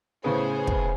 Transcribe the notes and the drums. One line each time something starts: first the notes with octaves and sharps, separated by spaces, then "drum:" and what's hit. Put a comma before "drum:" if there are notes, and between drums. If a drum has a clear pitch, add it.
A2 C#3 B3 C#4 G#4 C5
drum: kick